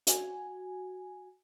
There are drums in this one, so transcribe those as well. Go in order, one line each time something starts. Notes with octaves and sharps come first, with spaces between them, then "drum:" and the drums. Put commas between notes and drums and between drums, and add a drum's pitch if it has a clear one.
F#4 G#5, drum: hi-hat